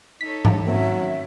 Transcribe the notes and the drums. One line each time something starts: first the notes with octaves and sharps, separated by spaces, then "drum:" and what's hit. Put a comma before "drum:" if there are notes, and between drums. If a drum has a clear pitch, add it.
D#4 A4 C#5 B6
drum: tom G#2
D#3 F#3 A#3 C4 C#4 E5